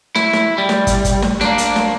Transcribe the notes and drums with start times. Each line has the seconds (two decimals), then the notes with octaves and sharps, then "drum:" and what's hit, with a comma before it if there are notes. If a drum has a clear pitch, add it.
0.15 E4, drum: snare
0.33 drum: snare
0.58 G3
0.69 drum: snare
0.87 drum: kick, hi-hat
1.05 drum: kick, hi-hat
1.22 drum: snare
1.41 A#3 D4, drum: snare
1.58 drum: hi-hat
1.76 drum: snare